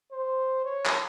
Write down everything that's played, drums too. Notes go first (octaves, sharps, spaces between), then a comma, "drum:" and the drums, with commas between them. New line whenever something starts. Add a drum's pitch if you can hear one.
C5
C#5
drum: clap